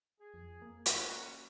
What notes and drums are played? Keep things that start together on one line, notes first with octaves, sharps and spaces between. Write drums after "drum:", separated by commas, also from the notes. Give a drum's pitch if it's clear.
G#4
F2
A#3
C#4 D#4 F#4, drum: hi-hat